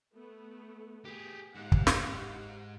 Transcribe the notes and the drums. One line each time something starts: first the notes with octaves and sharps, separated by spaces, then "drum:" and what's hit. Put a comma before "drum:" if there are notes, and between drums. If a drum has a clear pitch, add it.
A3 B3
G4 G#4
G#2 G4 F5 F#5
drum: kick
drum: snare